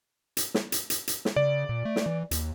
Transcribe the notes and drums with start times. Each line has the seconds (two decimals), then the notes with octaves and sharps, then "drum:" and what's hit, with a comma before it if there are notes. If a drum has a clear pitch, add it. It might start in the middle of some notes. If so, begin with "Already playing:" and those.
0.37 drum: hi-hat
0.54 drum: snare
0.72 drum: hi-hat
0.90 drum: hi-hat
1.07 drum: hi-hat
1.25 drum: snare
1.36 C#3 D5
1.69 A#2
1.85 A3
1.96 drum: snare
2.06 E3
2.31 D#2, drum: hi-hat